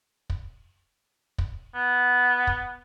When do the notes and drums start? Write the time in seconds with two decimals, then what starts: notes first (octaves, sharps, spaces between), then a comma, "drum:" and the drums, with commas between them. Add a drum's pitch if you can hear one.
0.30 drum: kick
1.38 drum: kick
1.75 B3
2.47 drum: kick